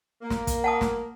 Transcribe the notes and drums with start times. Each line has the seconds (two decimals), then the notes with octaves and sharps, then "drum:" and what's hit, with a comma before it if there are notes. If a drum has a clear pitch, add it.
0.21 A#3
0.30 drum: snare
0.47 drum: kick, hi-hat
0.64 F#5 A5 D#6
0.81 drum: snare